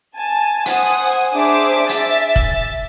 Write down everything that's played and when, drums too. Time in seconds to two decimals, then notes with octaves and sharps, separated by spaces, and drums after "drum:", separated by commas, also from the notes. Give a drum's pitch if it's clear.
0.15 G#5 A5
0.66 C5 F#5 G#5 D#6, drum: hi-hat
1.33 D4 G#4 C5 E5 D6
1.89 E5 A6, drum: hi-hat
2.36 drum: kick